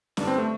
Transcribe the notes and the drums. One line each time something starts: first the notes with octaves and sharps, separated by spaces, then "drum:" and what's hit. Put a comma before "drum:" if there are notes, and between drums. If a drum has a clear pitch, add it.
G2 D3 D4, drum: snare C#4
C4
A3